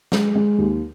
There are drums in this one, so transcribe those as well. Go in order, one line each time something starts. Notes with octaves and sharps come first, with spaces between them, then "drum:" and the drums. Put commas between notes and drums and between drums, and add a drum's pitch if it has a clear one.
G#3, drum: snare
G#3
D#2